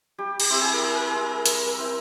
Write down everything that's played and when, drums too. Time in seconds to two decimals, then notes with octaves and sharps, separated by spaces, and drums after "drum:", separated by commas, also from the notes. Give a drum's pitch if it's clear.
0.18 G3 G4
0.40 G4, drum: cymbal
0.50 C4 E4
0.61 G#4
0.73 A#4
0.81 G3 G#4
0.95 A#4
1.07 G#4
1.14 C4 E4
1.46 G3 A#4, drum: hi-hat
1.66 A#4
1.78 C4 E4